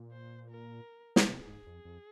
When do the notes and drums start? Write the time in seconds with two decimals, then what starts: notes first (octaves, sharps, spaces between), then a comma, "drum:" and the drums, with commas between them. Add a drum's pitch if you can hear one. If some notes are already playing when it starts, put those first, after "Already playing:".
Already playing: A#2
0.12 C5
0.50 A#4
1.16 drum: snare
1.27 C3 G#4
1.47 G#2
1.66 F2
1.85 F2